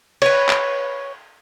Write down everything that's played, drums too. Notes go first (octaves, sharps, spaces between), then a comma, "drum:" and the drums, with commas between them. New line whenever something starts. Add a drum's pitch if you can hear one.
B4 C#5, drum: cymbal
drum: clap